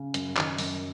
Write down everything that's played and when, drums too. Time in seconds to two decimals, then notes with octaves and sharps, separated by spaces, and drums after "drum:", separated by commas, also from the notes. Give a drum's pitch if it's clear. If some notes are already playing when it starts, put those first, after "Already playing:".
Already playing: C#3
0.14 F#2, drum: hi-hat
0.37 D#3, drum: clap
0.58 F#2, drum: open hi-hat